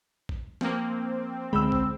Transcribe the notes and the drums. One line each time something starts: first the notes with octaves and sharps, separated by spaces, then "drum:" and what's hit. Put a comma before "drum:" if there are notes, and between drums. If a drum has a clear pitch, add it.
drum: kick
F3 A#3 C4, drum: snare
C#2 D3 G#3 B5 E6
drum: kick